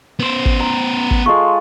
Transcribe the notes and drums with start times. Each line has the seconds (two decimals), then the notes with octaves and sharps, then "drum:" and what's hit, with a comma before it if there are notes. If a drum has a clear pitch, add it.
0.20 B3 C5
0.46 drum: kick
0.60 A#5
1.11 drum: kick
1.26 G#3 F4 A4 C#6